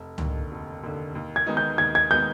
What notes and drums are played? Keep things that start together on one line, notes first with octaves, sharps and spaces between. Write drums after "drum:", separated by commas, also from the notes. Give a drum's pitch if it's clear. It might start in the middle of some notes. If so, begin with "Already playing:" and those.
Already playing: F1
D#2 D3, drum: tom C#2
F1
D#2 D3
D#2
G#6
D#3 G#3 B3 D#4
G6
D#2 G#6
G#6
D#3 G#3 B3 D#4 G6